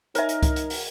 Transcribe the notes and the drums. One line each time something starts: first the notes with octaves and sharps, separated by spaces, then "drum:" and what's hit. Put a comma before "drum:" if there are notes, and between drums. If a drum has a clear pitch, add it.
D#4 A#4 C#5 E5 G#5, drum: hi-hat
drum: hi-hat
drum: kick C2, hi-hat
drum: hi-hat
drum: open hi-hat